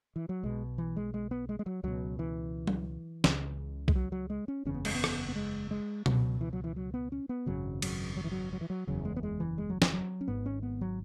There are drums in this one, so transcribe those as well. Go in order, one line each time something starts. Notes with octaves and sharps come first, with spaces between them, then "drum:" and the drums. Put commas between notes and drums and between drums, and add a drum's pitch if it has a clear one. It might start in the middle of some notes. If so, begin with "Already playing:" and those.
E3
F#3
B1 B2 G#3
E3
G#3
G#3
B3
G#3
G#3
F#3
C#2 B2 F#3
E3
drum: tom F#3
C#2 C#3, drum: snare
G#3, drum: kick B1
F#3
F#3
G#3
C#4
F#1 E2 C#3 C#4
B3
G#3, drum: cymbal
B3
drum: rim click
B3
G#3
G#3
C#2 B2 F#3, drum: tom B2
E3
F#3
E3
F#3
B3
C#4
B3
G#1 F#2 C#3 F#3
F#3, drum: cymbal
F#3
E3
F#3
F#3
E3
F#3
F#1 E2 C#3 F#3
G#3
B3
G#3
E3
G#3
F#3
E3, drum: snare
F#3
C#4
G#1 G#2 B3
C#4
B3
F#3